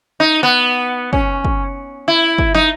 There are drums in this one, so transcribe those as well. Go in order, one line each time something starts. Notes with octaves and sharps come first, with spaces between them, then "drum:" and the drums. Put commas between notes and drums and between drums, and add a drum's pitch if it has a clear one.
D#4
B3
C#4, drum: kick
drum: kick
E4
drum: kick
D#4, drum: snare